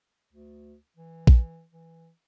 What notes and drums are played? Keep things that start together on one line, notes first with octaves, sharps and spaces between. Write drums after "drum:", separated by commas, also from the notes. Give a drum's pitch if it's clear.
D2
E3
drum: kick A#1
E3